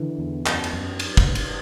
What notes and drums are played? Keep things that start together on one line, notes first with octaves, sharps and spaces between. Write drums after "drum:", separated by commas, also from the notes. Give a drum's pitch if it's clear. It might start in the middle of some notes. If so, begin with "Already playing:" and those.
Already playing: D3 E3
E2
F#2, drum: clap
drum: cymbal
F#2
drum: cymbal
drum: kick, cymbal
drum: cymbal